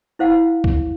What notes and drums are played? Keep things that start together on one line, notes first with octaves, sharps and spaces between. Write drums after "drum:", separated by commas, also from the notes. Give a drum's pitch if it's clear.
E4 C5 F5 F#5
drum: kick C2